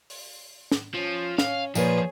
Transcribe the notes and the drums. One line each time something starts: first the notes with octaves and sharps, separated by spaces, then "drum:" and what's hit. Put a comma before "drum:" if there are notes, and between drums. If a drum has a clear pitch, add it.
drum: open hi-hat
drum: snare
F3 C#4
C#4 F5, drum: snare
A#2 F3 G#4 B4 C#5, drum: tambourine